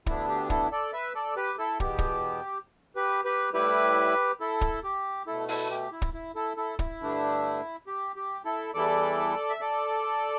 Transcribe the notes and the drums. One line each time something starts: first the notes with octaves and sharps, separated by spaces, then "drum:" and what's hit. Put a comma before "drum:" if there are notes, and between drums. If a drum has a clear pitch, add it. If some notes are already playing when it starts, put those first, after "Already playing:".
D2 D3 B3 D4 E4, drum: kick
G4
E4 A4, drum: kick
A4 D5
B4 E5
A4 D5
G4 B4
E4 A4
E2 B2 B3 G4, drum: kick
drum: kick
G4 B4
G4 B4
A2 G3 E4 G4 B4
E4 A4
drum: kick
G4
B2 A3 E4 A4
E4 A4, drum: open hi-hat
G4
E4
drum: kick
E4
E4 A4
E4 A4
E4, drum: kick
G2 D3 A3 D4
G4
G4
E4 A4
E2 E3 G3 E4 A4 D5
E5
A4 D5